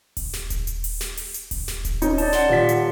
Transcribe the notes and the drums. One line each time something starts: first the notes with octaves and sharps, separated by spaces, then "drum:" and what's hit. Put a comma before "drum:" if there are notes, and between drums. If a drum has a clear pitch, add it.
drum: kick D#1, open hi-hat
drum: snare
drum: kick D#1, hi-hat
drum: hi-hat
drum: open hi-hat
drum: snare
drum: open hi-hat
drum: hi-hat
drum: kick D#1, open hi-hat
drum: snare
drum: kick D#1, hi-hat
C#4 D#4, drum: hi-hat
D5 A5, drum: open hi-hat
F#5 C6, drum: snare
D#1 F4 B6
drum: hi-hat